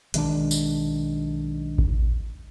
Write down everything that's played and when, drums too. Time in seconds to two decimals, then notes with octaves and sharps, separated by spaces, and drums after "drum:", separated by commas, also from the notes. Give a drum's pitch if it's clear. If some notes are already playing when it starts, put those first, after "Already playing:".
0.14 B1 D#3 G#3 D4, drum: hi-hat
0.51 drum: tambourine
1.78 drum: kick A1